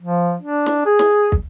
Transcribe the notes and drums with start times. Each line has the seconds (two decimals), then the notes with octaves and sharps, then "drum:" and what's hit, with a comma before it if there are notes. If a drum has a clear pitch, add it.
0.01 F3
0.42 D4
0.66 drum: snare
0.86 G#4
0.99 drum: snare
1.32 drum: kick